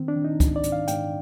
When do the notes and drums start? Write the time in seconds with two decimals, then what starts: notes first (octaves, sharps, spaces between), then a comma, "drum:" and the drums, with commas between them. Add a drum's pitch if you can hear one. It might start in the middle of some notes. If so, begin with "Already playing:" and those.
Already playing: D#3 C4
0.08 D4
0.16 D#3
0.24 D#4
0.40 G#2, drum: kick C#2, hi-hat
0.56 D5
0.63 G#2, drum: hi-hat
0.72 F5
0.88 G#2 G5, drum: hi-hat